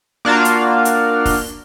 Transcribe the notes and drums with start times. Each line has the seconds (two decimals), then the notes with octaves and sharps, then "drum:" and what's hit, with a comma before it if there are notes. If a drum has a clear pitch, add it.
0.25 A#3 D4 F4 F#4 F5
0.45 drum: hi-hat
0.85 drum: hi-hat
1.26 drum: kick, open hi-hat